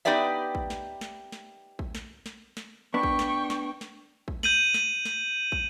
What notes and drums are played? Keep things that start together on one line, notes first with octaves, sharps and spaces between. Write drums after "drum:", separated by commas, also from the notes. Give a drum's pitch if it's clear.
B3 D#4 G4 B4 D5 E5
drum: kick
drum: snare
drum: snare
drum: snare
drum: kick
drum: snare
drum: snare
drum: snare
B3 D4 G5 C#6
drum: kick
drum: snare
drum: snare
drum: snare
drum: kick
G6 D#7 F#7, drum: snare
drum: snare
drum: snare
drum: kick